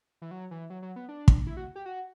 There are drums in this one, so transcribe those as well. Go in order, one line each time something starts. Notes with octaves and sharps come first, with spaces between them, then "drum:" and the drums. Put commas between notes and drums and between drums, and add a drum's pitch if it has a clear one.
E3
F#3
E3
F#3
F#3
B3
D4
drum: kick
E4
F#4
G4
F#4